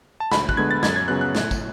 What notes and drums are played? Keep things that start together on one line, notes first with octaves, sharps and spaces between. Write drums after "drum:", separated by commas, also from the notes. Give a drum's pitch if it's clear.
A5
D2 B5, drum: snare
F#6, drum: kick
D3 G#3 B3 G#6
A6
F#2 G#6, drum: snare
G#6
C#3 F#3 B3 F#6
F#6
A2, drum: snare
drum: kick, tambourine